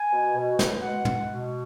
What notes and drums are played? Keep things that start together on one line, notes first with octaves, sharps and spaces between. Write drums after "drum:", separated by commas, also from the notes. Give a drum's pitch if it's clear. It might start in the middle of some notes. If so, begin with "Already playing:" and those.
Already playing: G#5
B2
B2
B2, drum: snare
G#3 F#5
G#3, drum: tom
B2